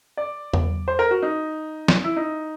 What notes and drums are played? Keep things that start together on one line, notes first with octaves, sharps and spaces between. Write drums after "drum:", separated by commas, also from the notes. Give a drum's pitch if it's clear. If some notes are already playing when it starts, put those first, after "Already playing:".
D5
drum: tom E2
C5
A#4
F#4
D#4
drum: snare
E4
D#4